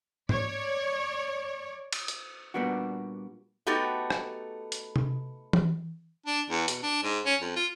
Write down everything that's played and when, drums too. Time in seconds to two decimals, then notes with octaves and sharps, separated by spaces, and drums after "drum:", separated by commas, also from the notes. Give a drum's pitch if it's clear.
0.29 C#5 D5, drum: tom G#2
1.93 drum: cymbal
2.08 drum: hi-hat
2.54 A#2 G3 A#3 B3 D4 F#4
3.67 A3 B3 D#4 F#4 G4 A4
4.10 drum: rim click
4.72 drum: hi-hat
4.96 drum: tom C3
5.53 drum: tom E3
6.26 D4
6.50 E2
6.68 B2, drum: hi-hat
6.82 D4
7.03 G#2
7.25 C#4
7.41 F2
7.56 F4